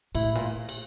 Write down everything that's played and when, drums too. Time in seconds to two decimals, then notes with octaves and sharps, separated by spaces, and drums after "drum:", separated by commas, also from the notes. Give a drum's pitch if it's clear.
0.15 A2 E4, drum: cymbal
0.35 A#2
0.69 drum: cymbal